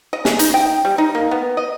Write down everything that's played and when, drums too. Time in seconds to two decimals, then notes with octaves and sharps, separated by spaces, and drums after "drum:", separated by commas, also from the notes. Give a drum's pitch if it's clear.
0.13 D#5
0.25 G#4, drum: snare
0.39 D#4, drum: hi-hat
0.54 G5
0.85 G3
0.98 D#4
1.15 A#3
1.31 B3
1.57 D#5